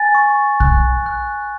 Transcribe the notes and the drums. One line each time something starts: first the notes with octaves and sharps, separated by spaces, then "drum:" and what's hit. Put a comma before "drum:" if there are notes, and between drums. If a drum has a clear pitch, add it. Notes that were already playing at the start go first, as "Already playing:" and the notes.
Already playing: G#5 A6
C#6
F#6, drum: kick
F#6